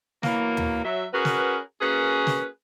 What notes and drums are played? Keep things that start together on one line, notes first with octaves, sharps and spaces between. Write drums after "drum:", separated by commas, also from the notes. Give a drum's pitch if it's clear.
B2 E3 F#3 A#3, drum: snare
drum: tom
F#3 E5
C#4 F#4 G#4 A#4 B4
drum: snare
A#3 C#4 F#4 G#4 A#4 B4
drum: snare